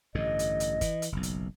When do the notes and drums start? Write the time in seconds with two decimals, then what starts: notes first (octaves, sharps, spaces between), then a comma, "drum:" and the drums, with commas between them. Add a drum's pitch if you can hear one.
0.15 A1 G2 D3 D#5
0.39 drum: hi-hat
0.60 drum: hi-hat
0.81 E3, drum: kick F#1, hi-hat
1.02 drum: hi-hat
1.12 F#1 B1
1.23 drum: hi-hat